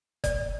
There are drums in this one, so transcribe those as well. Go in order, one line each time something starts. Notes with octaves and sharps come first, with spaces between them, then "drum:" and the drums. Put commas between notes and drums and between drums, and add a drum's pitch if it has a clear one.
D5, drum: kick F#1, hi-hat